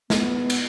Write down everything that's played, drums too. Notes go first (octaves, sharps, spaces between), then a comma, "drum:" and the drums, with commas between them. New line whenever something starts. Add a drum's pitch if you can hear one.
B3, drum: snare
drum: cymbal